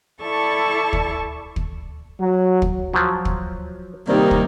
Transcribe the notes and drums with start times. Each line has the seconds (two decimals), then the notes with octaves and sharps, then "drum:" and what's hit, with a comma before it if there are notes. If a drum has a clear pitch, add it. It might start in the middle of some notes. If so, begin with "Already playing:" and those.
0.21 E4 A4 D5 A5 C#6
0.93 drum: kick
1.56 drum: kick
2.20 F#3
2.62 drum: kick
2.94 F3 F#3
3.25 drum: kick
4.08 C3 D#3 G3 A#3 D#4
4.31 drum: kick